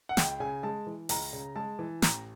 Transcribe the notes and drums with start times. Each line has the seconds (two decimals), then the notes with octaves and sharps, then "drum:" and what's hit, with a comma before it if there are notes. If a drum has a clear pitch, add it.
0.09 F#5
0.17 C#2 G5, drum: snare
0.40 C#3 G#5
0.63 G#3 A5
0.86 E3
1.09 C#2 A#5, drum: open hi-hat
1.33 C#3
1.56 G#3 A5
1.79 E3
2.02 A1 A#5, drum: snare